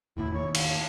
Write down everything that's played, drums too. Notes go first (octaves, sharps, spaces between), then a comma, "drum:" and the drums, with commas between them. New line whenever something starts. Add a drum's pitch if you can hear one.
E1 D2 A2 E4
D#2 C#5
F5, drum: cymbal